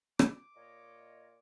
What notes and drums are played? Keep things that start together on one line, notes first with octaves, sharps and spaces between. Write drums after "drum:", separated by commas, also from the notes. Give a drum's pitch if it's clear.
D6, drum: rim click
A#2 C#5 D#5